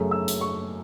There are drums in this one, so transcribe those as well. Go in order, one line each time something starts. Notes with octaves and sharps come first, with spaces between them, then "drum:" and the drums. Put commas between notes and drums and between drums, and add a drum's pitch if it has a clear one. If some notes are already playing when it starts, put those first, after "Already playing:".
Already playing: F#2 C#3 A3
E6
drum: hi-hat
C#6